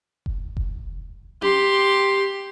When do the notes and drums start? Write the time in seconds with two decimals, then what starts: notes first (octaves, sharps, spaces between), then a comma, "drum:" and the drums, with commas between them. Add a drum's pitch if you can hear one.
0.26 drum: kick F1
0.57 drum: kick F1
1.42 G4 C6, drum: tom C#4